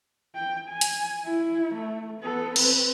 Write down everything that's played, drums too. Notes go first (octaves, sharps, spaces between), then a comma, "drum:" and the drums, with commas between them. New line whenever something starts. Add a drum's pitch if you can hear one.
G5
G#5
drum: hi-hat
E4
A3
B3 A4
C4 B4, drum: cymbal